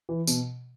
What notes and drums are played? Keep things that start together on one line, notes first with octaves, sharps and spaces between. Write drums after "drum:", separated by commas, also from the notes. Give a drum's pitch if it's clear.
E3
B2, drum: tambourine